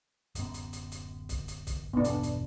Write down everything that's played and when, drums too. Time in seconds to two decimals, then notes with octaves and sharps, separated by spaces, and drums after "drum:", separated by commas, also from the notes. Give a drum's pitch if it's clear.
0.35 D1 F#2 B3, drum: hi-hat
0.54 drum: hi-hat
0.73 drum: hi-hat
0.92 drum: hi-hat
1.29 drum: kick, hi-hat
1.48 drum: hi-hat
1.67 drum: kick, hi-hat
1.93 G1 E2 B2 B3 D4
2.04 drum: hi-hat
2.23 drum: hi-hat